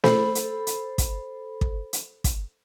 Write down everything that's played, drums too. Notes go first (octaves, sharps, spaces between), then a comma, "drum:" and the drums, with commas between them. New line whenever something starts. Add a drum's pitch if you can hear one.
A4 C5 B5, drum: snare
drum: hi-hat
drum: hi-hat
drum: kick, hi-hat
drum: kick
drum: hi-hat
drum: kick, hi-hat